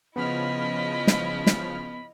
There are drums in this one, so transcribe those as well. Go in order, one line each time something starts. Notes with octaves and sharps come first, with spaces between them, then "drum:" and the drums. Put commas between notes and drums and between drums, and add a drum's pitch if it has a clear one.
C#3 F3 B3 E4 D#5 B5 F6
drum: snare
drum: snare